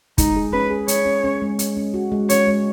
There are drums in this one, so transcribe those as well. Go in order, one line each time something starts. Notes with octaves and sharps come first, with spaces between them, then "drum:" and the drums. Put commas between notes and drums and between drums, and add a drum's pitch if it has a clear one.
G#3 D#4, drum: kick, hi-hat
G#4
C#4 B4
G#4
G#3 C#5, drum: hi-hat
C#4
C#4
G#3
C#4, drum: hi-hat
C#4
F#4
G#3
C#4 C#5, drum: hi-hat
G#3